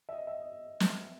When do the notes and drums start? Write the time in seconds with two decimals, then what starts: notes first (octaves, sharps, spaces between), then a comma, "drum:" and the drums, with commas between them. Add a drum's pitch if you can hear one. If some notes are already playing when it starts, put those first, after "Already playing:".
0.09 E5
0.13 D#5
0.27 E5
0.42 D#5
0.80 drum: snare